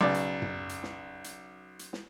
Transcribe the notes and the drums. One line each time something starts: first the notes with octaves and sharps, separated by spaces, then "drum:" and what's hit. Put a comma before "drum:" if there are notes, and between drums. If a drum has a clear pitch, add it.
B1 C#3 D5
drum: hi-hat
drum: tom F#2
drum: hi-hat
drum: snare
drum: hi-hat
drum: hi-hat
drum: snare